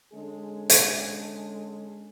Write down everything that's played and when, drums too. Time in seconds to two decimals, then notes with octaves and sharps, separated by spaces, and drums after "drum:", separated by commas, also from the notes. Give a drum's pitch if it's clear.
0.13 D3 G#3 C#4 G#4 A4
0.70 drum: hi-hat